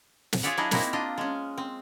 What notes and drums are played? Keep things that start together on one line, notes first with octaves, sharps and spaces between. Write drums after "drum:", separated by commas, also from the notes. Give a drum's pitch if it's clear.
drum: snare
F4 G#4 C#5 D5 E5 F#5
F#3 D4 E4 G#4 D#5
A#3 C4 D#4 E4 F#4, drum: snare
D4 F4 D#5
G#3 C#4
C4